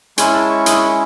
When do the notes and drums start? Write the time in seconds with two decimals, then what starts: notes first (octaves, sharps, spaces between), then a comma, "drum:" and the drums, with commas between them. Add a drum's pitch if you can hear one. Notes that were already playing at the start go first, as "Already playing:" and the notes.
0.18 G#3 C#4 E4 G#5, drum: hi-hat
0.34 A5
0.50 C#6
0.66 D#6, drum: hi-hat
0.78 C#6